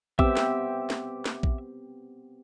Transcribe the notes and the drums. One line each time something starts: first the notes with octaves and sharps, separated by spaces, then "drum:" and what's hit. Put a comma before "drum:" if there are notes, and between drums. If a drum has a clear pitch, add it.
B3 C4 G4 E5 D6 E6, drum: kick A#1
drum: snare
drum: snare
drum: snare
drum: kick A#1